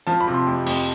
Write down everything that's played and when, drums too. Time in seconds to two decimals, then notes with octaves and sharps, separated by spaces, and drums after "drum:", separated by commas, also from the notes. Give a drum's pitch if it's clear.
0.07 F3 A5
0.21 B5
0.27 C3
0.34 C6
0.47 F2
0.66 F2, drum: open hi-hat